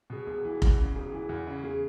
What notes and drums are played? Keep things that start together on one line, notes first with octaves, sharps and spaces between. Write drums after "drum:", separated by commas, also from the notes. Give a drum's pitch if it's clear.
B2 G#4
E1 G#4
E3
E2, drum: kick F1
C#3
E1 G#4
E3
E2
C#3
G#4